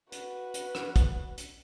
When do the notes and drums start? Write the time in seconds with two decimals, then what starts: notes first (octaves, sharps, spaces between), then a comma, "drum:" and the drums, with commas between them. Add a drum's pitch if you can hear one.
0.12 F#4 B4, drum: hi-hat
0.54 drum: hi-hat
0.75 drum: rim click
0.96 drum: kick, hi-hat
1.37 drum: hi-hat